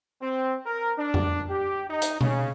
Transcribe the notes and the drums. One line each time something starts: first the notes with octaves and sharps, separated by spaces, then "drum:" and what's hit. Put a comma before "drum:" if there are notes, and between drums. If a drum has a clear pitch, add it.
C4
A#4
D4
drum: tom F2
G4
D#4
drum: hi-hat
C#3, drum: tom B2